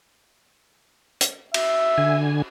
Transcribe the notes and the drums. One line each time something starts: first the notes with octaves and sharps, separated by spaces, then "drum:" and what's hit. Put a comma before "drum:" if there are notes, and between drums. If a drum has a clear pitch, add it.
drum: hi-hat
E5, drum: cymbal
D3 G#5